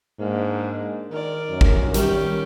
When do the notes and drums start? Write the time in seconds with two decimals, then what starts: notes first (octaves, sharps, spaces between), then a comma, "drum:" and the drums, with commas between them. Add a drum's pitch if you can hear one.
0.19 G#2 A#3 D4
1.11 D#3 A#4 D5
1.49 F#2
1.61 drum: kick
1.94 D#3 G3 C#4 G4, drum: hi-hat